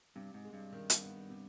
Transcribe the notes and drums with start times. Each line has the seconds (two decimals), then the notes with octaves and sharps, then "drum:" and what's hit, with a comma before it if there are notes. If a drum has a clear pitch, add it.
0.16 G2 C3
0.34 G#2
0.45 G#3
0.53 G2
0.73 D#3
0.90 drum: hi-hat
1.01 B3
1.29 C3